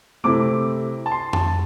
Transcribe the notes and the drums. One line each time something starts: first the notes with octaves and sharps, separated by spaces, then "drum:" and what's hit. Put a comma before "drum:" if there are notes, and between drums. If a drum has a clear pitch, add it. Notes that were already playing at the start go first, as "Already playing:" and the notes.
C3 A3 C4 E4 D6
A5
C6
A5, drum: tom F2